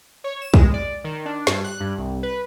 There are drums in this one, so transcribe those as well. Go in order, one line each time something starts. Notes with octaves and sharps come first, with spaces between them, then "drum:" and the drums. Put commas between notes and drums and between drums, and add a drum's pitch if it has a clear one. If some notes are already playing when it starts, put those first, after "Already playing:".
C#5
E7
G#3, drum: kick
D5
D#3
D4
G2, drum: snare
F#6
G2
C2
B4